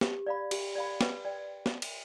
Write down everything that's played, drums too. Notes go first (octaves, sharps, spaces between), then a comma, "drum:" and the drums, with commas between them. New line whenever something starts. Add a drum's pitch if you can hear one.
G4, drum: snare
D5 F5 B5
G4, drum: cymbal
D5 F5 B5
B4, drum: snare
D5 G5
drum: snare
drum: cymbal